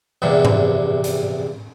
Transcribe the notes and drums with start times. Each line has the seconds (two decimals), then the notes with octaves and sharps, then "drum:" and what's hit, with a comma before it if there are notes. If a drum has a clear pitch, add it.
0.22 A#1 E2 G2 C3
0.45 drum: tom G#2
1.04 drum: hi-hat